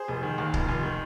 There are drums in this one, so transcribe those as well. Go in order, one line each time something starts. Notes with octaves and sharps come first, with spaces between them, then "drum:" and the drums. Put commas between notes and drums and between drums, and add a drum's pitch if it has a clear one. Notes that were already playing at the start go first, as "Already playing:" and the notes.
Already playing: G#4 C5
F1
D#3
D#2
F1, drum: kick C#1
F1
D#3